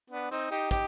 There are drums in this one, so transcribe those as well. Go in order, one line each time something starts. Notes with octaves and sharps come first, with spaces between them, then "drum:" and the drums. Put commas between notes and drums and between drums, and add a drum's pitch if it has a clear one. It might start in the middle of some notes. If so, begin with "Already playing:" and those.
B3 D4
C4 D#4, drum: hi-hat
D#4 G4, drum: hi-hat
D#4 G4, drum: kick, hi-hat